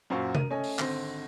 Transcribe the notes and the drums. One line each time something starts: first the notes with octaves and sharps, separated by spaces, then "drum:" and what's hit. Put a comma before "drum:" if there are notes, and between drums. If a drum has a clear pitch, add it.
F#2 A#2 F#4 C5 F5 C#6
A#4 D#7, drum: tom C3
A3 C#4 C#5 D#5 G#5
drum: open hi-hat
G#1 D3 C4 C5 A#6, drum: clap